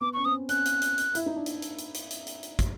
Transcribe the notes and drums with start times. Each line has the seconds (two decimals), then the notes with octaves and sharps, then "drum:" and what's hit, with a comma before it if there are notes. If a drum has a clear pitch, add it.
0.01 B3 D6
0.14 C#4 C#6
0.25 C4 D#6
0.49 C#4 F#6, drum: hi-hat
0.65 drum: hi-hat
0.82 drum: hi-hat
0.98 drum: hi-hat
1.15 E4, drum: hi-hat
1.26 D#4
1.36 D4
1.46 drum: hi-hat
1.62 drum: hi-hat
1.78 drum: hi-hat
1.94 drum: hi-hat
2.11 drum: hi-hat
2.27 drum: hi-hat
2.43 drum: hi-hat
2.59 drum: kick, hi-hat